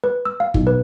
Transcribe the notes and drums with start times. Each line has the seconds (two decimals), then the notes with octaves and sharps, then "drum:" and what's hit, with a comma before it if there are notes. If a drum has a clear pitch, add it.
0.04 B4
0.25 E6
0.40 F5
0.54 B1, drum: kick
0.67 B4